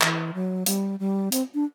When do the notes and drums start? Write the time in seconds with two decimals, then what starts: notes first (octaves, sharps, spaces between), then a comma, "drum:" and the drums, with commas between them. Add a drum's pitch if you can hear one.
0.01 E3, drum: clap
0.34 F#3
0.66 G3, drum: hi-hat
1.00 G3
1.32 C4, drum: hi-hat
1.54 D4